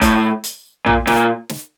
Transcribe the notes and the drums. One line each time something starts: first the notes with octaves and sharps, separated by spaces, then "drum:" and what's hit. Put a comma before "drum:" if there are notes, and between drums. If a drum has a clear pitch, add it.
A2, drum: kick F#1, hi-hat
drum: hi-hat
A#2, drum: tom A#1
A#2, drum: snare
drum: snare